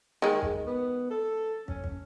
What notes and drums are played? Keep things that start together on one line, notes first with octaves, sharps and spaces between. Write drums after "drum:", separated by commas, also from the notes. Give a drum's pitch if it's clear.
D#3 G#3
drum: kick
B3
A4
C#4, drum: kick
drum: kick